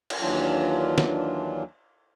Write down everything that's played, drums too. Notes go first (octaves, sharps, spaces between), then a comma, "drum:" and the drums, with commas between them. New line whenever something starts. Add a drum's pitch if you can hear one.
drum: cymbal
D#2 E3 F#3 D4 F4
drum: snare